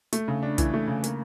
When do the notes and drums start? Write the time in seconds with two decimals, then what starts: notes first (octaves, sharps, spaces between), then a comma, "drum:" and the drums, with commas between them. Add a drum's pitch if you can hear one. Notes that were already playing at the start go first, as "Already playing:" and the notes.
0.13 A3, drum: hi-hat
0.28 C#3
0.43 D4
0.58 E3, drum: kick, hi-hat
0.74 A3
0.87 C#3
1.04 A#3, drum: hi-hat